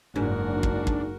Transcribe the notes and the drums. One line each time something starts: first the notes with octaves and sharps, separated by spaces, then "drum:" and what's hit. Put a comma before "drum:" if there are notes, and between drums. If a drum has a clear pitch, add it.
F#1 G#2 D4 F#4 A#4
drum: kick
drum: kick